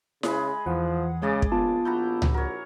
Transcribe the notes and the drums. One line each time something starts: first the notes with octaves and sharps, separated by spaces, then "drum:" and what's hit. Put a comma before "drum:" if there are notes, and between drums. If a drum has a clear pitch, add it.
C#3 G#3 G#4 B5, drum: snare E4
E2 E3 F3 F#5
C#3 G#3 G#4 D5 D#5
drum: kick
A#1 B3 F4 A5
A#1 E4 F#4 A#5 G6
drum: tom C#2
F#4 A#4 C#5